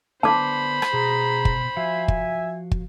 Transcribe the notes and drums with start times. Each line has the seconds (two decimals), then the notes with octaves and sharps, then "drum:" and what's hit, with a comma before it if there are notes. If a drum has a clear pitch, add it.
0.23 D3 B3 D4 C5 A5 B5 D6
0.82 drum: rim click
0.93 B2 G#4 A#5
1.45 drum: kick
1.77 F3 F#4 E5 F5 G#5
2.08 drum: kick
2.71 drum: kick